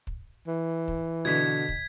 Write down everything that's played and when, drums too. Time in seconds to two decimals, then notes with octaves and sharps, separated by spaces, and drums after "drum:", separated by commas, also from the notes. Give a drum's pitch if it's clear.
0.07 drum: kick
0.47 E3
0.88 drum: kick
1.25 B2 D3 G#6 B6
1.69 drum: kick